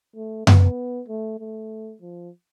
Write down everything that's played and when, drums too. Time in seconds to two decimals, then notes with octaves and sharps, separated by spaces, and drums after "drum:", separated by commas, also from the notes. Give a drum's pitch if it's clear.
0.16 A3
0.47 B3, drum: tom F#2
1.08 A3
1.39 A3
2.01 F3